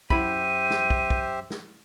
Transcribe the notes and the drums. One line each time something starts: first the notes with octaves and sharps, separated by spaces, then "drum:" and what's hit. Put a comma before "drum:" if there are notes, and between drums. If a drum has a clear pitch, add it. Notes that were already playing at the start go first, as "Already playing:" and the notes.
F#2 E4 G4 C5 E5 B5 D#7, drum: kick
drum: snare
drum: kick
drum: kick
drum: snare